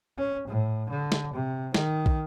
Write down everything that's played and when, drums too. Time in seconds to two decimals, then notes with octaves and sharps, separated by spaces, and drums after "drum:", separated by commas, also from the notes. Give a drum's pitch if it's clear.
0.18 C#4
0.48 A2
0.89 D3
1.12 drum: snare
1.33 C3
1.74 D#3, drum: snare
2.06 drum: kick